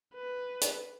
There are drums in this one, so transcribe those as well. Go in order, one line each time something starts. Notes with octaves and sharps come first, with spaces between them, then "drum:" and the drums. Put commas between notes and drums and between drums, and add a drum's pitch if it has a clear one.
B4
drum: hi-hat